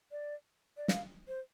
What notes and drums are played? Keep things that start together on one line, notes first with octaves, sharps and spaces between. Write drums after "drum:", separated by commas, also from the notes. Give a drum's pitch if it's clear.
D5
D5
F5, drum: snare
C5